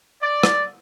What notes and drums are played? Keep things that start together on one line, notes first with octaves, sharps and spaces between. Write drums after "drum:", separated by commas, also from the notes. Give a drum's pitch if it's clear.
D5
drum: rim click